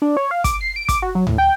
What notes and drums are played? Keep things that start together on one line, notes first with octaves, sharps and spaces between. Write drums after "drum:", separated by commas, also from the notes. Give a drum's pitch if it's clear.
D4
C#5
F5
D6, drum: kick, hi-hat
C7
D7
D6, drum: kick, hi-hat
F#4
F#3
A2, drum: tom D2
G5